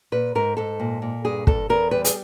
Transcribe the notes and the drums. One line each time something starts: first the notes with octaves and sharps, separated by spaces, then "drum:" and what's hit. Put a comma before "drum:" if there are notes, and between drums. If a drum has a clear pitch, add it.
A#2 B4
G#2 A#4
G#2 A4
A#2
A#2
G2 G#4
G2 A4, drum: kick
E2 A#4
G3 B4
G#4, drum: hi-hat